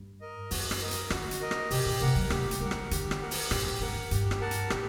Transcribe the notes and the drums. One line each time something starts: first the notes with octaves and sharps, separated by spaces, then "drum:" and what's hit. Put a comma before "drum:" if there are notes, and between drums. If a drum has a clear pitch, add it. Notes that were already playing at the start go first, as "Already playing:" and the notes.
Already playing: G2
A#4 D#5
F#2 F#4, drum: open hi-hat
drum: rim click
A#4 D#5
drum: hi-hat
D3 F#4, drum: rim click
drum: hi-hat
A#4 D#5
drum: rim click
C3 G4, drum: open hi-hat
A#2
C3 A#4 F#5
F#3
A3 G4, drum: rim click
drum: hi-hat
G3 A#4 F#5
drum: rim click
D3 G4, drum: hi-hat
drum: rim click
A#4 F#5
drum: open hi-hat
A#2 G4, drum: rim click
A2
G2 A#4 F#5
F#2
G2 G4, drum: hi-hat
drum: rim click
A#4 F#5 A5
drum: hi-hat
A2 G4, drum: rim click